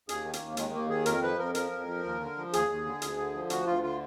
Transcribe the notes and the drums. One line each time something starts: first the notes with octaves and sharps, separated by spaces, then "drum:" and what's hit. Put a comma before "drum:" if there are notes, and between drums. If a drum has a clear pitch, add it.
D#2 G#4, drum: hi-hat
D#3
A#3, drum: hi-hat
D#2
D#3 G#3, drum: hi-hat
D#2 A#3
D#3 G#4
F2 A#4, drum: hi-hat
F3 B4
F2 A#4
F3 A#4, drum: hi-hat
F2
F3
D#2
D3
F3
D#2 G#4, drum: hi-hat
D#2
D3
D2, drum: hi-hat
D3
F3
D2 F#4, drum: hi-hat
D2 F4
D3 F4